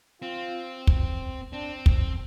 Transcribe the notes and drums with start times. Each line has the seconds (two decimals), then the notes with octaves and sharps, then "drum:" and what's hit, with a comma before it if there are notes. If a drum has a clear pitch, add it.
0.22 C4 F4
0.87 drum: kick
1.53 C4 D4
1.86 drum: kick